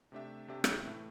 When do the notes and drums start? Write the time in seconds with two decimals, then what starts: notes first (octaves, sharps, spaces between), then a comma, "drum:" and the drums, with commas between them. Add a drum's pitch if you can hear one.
0.12 C3 A3 D4 G4 E5
0.48 C3 A3 D4 G4 E5
0.64 drum: rim click
0.85 A2 E3 A3